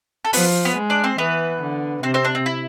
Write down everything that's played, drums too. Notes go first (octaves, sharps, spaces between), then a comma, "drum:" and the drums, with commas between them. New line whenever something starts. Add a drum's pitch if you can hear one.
A4
F3 B3 B4, drum: open hi-hat
B3 B4
G#3
D4 D5
C4 C5
E3 B3 B4
D3
C3 C4 C5
C4 C5
D4
C4
E4